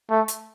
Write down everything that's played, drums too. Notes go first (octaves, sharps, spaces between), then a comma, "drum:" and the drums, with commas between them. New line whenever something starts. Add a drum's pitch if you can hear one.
A3
drum: hi-hat